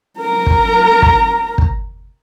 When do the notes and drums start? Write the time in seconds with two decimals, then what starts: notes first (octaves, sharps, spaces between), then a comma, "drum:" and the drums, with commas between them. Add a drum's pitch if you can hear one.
0.19 A#4 A#5
0.46 drum: kick
1.02 drum: kick
1.58 drum: kick